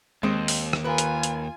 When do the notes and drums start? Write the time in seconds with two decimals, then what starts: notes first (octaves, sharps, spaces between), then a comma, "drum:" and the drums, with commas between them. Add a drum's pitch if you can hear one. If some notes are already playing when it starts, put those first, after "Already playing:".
0.23 D#2 G#3 C4 C5 D#5
0.48 drum: open hi-hat
0.73 drum: rim click
0.84 F4 A#4 B4 G#5
0.98 drum: hi-hat
1.23 drum: hi-hat